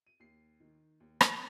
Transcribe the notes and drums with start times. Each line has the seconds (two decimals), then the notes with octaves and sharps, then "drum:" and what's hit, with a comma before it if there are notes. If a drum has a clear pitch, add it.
0.07 D#7
0.20 D#2 C7
0.60 D#3
1.00 D#2
1.21 drum: rim click